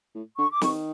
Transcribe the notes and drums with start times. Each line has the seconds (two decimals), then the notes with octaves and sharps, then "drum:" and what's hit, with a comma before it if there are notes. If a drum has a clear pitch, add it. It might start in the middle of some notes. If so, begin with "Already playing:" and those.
0.15 A2
0.38 D3 C#6
0.51 D6
0.61 D#3 C#6, drum: snare